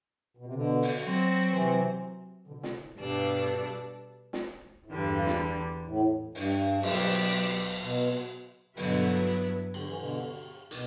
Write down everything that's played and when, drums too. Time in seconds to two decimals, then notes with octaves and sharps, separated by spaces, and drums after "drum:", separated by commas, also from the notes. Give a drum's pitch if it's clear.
0.37 B2
0.45 C3
0.54 B2 D3
0.83 drum: open hi-hat
1.02 F#3 C4 F#4 C5
1.51 C3 E3
2.47 B2 D3
2.58 D3
2.63 C3, drum: snare
2.80 A2
2.96 G2 B2 G3 D4 A4
4.33 drum: snare
4.85 A2
4.89 E2 G2 D3 G3
5.26 drum: snare
5.87 A2
6.35 G2, drum: open hi-hat
6.83 B2 F#3 B3 D4 G4, drum: cymbal
7.80 B2
8.77 G2 B2 D3 F#3 B3 E4, drum: open hi-hat
9.74 D3, drum: cymbal
9.85 E3
9.97 B2 D3
10.71 B2, drum: hi-hat